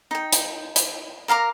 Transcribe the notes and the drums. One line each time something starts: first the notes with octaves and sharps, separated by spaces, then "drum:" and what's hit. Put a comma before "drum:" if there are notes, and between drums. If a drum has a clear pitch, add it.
D#4 G5
drum: hi-hat
drum: hi-hat
A#4 F5 A#5 D6